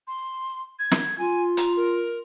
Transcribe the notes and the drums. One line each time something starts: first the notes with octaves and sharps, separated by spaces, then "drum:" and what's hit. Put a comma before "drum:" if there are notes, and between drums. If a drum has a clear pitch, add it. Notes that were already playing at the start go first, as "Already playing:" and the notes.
C6
G#6
drum: snare
F4 G#5
A#5, drum: hi-hat
A#4